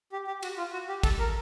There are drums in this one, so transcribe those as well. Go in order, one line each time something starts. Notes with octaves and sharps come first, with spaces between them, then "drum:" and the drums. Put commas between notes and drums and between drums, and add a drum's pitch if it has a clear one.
G4
G4
F#4, drum: cymbal
F4
F#4
G4
A4, drum: kick, cymbal
A#4